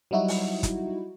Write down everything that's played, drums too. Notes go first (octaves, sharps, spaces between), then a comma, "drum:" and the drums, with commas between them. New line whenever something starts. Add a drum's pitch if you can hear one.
F#3 G3 D#4 E4 F#4
drum: open hi-hat
drum: kick, hi-hat